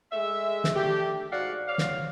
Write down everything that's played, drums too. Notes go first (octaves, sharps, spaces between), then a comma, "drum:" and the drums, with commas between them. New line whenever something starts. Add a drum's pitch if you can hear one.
G#3 A3 E5
drum: snare
A3 D4 G4
G#2 F#4 D5 F5 F#5
C#5 D5 F5
drum: snare